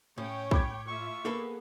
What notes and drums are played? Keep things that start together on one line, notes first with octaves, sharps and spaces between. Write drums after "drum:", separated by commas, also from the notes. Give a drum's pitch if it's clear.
A2 C#4 C#5 G5
B5 D6 G#6, drum: kick
A3 F4 E5 C#6
A#3 B3 G#4 A4 B4